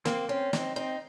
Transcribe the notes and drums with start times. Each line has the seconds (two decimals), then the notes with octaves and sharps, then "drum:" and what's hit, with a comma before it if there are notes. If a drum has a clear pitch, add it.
0.05 A#3 C4, drum: snare
0.29 C4 C#4
0.53 C4 D#4, drum: snare
0.76 C4 D#4